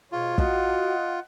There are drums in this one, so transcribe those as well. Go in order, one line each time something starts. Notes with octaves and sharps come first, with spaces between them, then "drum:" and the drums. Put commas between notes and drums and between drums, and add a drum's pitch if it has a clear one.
G#2 B2 F4 C#5
F#4 D#5 F#5, drum: kick